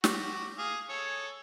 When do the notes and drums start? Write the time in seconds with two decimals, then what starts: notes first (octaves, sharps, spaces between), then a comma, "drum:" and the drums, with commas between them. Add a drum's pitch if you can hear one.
0.04 F#4 G4, drum: snare
0.58 G#4 F5
0.90 G#4 A4 C#5